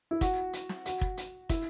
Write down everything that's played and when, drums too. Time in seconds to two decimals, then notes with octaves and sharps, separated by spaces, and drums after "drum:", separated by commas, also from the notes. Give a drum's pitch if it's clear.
0.11 E4
0.21 F#4, drum: kick, hi-hat
0.53 drum: hi-hat
0.69 drum: snare
0.86 F#4, drum: hi-hat
1.01 drum: kick
1.17 drum: hi-hat
1.49 E4, drum: kick, hi-hat